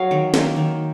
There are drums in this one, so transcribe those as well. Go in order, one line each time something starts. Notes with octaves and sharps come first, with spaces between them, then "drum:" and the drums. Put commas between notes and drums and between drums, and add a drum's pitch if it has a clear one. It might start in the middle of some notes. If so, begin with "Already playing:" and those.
Already playing: F#3 F5
D#3
A#3, drum: snare
D#3